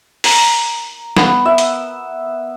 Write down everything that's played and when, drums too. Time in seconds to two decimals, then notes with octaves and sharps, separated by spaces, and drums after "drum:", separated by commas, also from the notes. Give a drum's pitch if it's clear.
0.24 A#5, drum: open hi-hat
1.17 B3, drum: snare
1.45 E5
1.58 drum: hi-hat